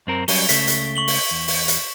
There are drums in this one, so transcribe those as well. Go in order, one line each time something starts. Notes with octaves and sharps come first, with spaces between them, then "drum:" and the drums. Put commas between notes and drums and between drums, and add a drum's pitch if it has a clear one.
F#2 C4 A#4
F#3 G3 C#4 G7, drum: open hi-hat
C#2 C#3 A3 B6, drum: hi-hat
drum: hi-hat
C#6 F#7 G7
drum: open hi-hat
E2
drum: open hi-hat
drum: hi-hat